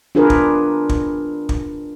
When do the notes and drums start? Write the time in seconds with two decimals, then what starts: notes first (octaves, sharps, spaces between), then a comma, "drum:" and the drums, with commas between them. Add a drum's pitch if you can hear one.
0.15 D4 F4 G#4 A#4 B4
0.30 drum: kick
0.89 drum: kick
1.49 drum: kick